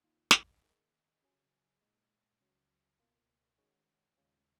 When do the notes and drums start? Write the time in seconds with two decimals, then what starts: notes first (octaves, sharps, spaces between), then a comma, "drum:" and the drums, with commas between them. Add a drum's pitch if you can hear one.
0.04 D#2 D#3 A#3 F4
0.31 drum: snare
0.63 D#3 A#3 D#4 G#4
1.22 C#3 F#3 C#4 G#4
1.81 A#2 G#3 D#4
2.40 C#2 C#3 F#3
2.99 C#2 B2 A#3 F4
3.58 D#3 G#3 C#4 F#4
4.17 D#2 C#3 G#3 C#4 F4